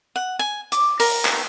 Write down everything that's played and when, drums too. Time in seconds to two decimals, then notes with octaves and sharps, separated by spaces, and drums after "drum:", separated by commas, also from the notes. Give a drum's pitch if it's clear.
0.16 F#5
0.39 G#5
0.72 D6, drum: hi-hat
1.00 A#4, drum: open hi-hat
1.25 drum: clap